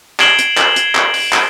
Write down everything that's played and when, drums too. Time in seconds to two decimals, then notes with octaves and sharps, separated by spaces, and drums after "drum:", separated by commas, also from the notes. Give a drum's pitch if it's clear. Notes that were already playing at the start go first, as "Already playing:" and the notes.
0.20 G#6 C7 D7 E7 F#7 G7, drum: clap
0.39 drum: hi-hat
0.57 drum: clap
0.76 drum: hi-hat
0.95 drum: clap
1.14 drum: open hi-hat
1.33 drum: clap